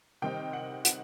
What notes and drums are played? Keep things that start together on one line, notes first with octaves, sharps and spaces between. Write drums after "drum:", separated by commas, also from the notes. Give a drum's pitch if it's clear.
C3 D#3 G3 C4 D#4 G5
F#5
F#5, drum: hi-hat